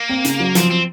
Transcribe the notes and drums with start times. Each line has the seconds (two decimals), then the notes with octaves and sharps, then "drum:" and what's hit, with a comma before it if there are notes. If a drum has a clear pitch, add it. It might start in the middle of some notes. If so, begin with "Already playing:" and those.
Already playing: A#3
0.10 C4
0.25 C#3, drum: hi-hat
0.40 F#3
0.55 F3 C4, drum: hi-hat
0.70 C4